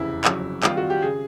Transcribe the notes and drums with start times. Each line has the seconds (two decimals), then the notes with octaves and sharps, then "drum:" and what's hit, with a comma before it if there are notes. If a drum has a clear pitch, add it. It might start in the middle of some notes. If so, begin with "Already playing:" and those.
Already playing: F1 E2 C#3 E4
0.25 G1 F2 C#3 F#3, drum: clap
0.63 G2 D#3 G3 C4 F4, drum: clap
0.77 F#4
0.90 G4
1.02 C#3 G#4